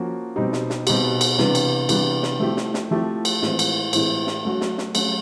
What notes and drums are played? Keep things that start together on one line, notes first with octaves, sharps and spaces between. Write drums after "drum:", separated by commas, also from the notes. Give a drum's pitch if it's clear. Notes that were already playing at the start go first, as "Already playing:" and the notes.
Already playing: F3 A#3 C#4 F#4
B2 G3 C4 D#4 G4
drum: snare
drum: snare
B2 G3 C4 D#4 G4, drum: cymbal
drum: cymbal
C3 E3 G3 B3 D4, drum: snare
drum: cymbal
C3 E3 G3 B3 D4, drum: cymbal
drum: snare
F3 A3 C4 E4 G4
drum: snare
drum: snare
F3 A3 C4 E4 G4
drum: cymbal
A2 E3 G#3 C4 F4, drum: snare
drum: cymbal
A2 E3 G#3 C4 F4, drum: cymbal
drum: snare
F#3 A3 C#4 F#4
drum: snare
drum: snare
F#3 A3 C#4 F#4, drum: cymbal